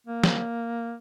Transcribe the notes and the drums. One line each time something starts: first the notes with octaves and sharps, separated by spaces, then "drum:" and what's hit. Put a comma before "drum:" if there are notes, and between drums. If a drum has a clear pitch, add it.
A#3
drum: snare